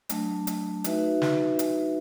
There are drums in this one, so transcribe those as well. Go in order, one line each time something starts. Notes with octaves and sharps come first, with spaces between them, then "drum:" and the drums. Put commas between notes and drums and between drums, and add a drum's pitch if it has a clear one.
F#3 A3 D4, drum: hi-hat
drum: hi-hat
D#4 F#4 B4 E5, drum: hi-hat
drum: snare
drum: hi-hat